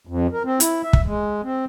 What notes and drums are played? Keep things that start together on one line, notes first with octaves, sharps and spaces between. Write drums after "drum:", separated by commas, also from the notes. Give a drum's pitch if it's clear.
F2
A#4
C4
E4, drum: hi-hat
E5
drum: kick
G#3
C4